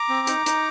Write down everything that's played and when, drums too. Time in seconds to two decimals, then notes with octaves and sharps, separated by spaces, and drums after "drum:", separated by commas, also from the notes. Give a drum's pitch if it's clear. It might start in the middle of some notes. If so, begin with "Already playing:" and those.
Already playing: A#5 D6
0.09 C4
0.27 D#4, drum: hi-hat
0.46 D#4, drum: hi-hat